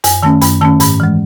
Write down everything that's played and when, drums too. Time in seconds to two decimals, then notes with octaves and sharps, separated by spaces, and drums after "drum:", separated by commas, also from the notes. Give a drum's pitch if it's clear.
0.04 F#2 G#5, drum: hi-hat
0.23 D#3 A3 C#4 A5
0.41 F#2 B5, drum: hi-hat
0.61 D#3 A3 C#4 A5
0.80 G#2 B5, drum: hi-hat
1.00 E3 G#3